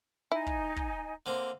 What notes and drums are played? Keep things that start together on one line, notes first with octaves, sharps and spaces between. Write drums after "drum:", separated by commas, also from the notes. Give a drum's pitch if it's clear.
D#4 E4 G#5
drum: kick
drum: kick
D3 A#3 C4